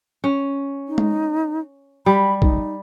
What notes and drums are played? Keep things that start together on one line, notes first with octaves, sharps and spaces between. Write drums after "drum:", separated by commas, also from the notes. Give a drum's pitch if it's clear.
C#4
D#4
drum: tom G#3
G3 B5
D#4, drum: kick